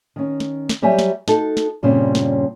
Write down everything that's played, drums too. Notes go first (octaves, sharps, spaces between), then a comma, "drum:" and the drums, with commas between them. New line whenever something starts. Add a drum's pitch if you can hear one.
D#3 C#4
drum: snare
drum: snare
F#3 G3 G4 D5 E5 G#5
drum: snare
D#4 F#4 A4, drum: snare
drum: snare
G2 A#2 C#3 G3 C4 C#4
drum: snare